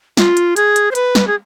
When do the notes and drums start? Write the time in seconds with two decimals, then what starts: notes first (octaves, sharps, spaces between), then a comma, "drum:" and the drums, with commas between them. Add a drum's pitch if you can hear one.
0.17 F4, drum: snare
0.37 drum: hi-hat
0.56 G#4, drum: hi-hat
0.76 drum: hi-hat
0.91 C5
0.95 B4, drum: hi-hat
1.15 drum: snare
1.27 G#4